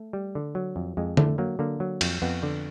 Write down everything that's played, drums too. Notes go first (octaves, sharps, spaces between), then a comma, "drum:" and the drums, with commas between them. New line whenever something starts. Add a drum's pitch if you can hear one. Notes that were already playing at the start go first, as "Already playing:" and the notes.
Already playing: A3
G3
D3
F#3
F2
F2 G#3
D3 A3, drum: tom
F#3 A#3
D3 A#3
F#3
F2, drum: cymbal
F2 B3
D3